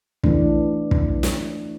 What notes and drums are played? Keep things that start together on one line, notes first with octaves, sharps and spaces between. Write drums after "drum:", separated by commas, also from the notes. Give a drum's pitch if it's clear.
E3 A3 D4, drum: kick
drum: kick
drum: snare